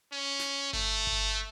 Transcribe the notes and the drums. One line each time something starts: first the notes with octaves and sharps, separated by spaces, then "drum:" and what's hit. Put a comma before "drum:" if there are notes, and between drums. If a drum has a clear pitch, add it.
C#4
drum: snare
A3, drum: kick G1
drum: kick G1